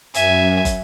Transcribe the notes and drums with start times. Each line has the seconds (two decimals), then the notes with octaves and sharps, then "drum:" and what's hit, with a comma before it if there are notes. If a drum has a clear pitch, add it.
0.14 F#2 E5 G#5, drum: hi-hat
0.65 drum: kick, hi-hat